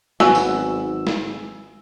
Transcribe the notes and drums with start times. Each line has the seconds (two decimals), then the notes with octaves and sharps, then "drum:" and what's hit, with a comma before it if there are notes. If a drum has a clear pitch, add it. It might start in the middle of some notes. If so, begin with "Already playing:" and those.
0.20 G#1 F#3 B3 G#5 E6, drum: snare
0.35 drum: tambourine
1.07 drum: snare